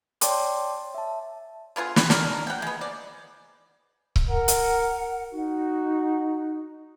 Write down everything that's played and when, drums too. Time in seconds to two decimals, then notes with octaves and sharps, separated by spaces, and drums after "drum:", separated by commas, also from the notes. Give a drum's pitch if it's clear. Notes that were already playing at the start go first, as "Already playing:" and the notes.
0.21 C#5 D5 G5 A5 C6 D6, drum: hi-hat
0.95 E5 A5
1.76 D3 B3 F4 G#4
1.96 B4, drum: snare
2.10 D4 D#4 A#4, drum: snare
2.47 F#5 G5
2.62 G#3 B3
2.81 D5
4.16 drum: kick C#1
4.29 A#4 F#5
4.48 drum: hi-hat
5.33 D#4 F#4